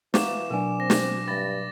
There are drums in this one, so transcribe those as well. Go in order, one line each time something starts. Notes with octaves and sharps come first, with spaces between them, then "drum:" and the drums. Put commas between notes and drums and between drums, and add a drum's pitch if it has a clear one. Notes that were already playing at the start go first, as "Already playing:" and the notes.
E3 F5 F#5 A#5 C#6 D6 E7, drum: snare
B2 F#3 D4 A#4 F#5 G#5
C4 A#6
drum: snare
G2 E5 B5 A6